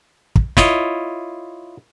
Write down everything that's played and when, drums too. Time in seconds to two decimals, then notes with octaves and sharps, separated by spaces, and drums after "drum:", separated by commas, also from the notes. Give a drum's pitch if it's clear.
0.36 drum: kick
0.57 E4 F4 C#5 D#5, drum: snare